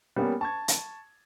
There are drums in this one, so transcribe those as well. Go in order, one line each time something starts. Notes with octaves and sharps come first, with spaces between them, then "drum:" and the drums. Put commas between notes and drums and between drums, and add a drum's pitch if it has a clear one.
G3 A#3 B3 C#4
A5 C#6 G#6
drum: hi-hat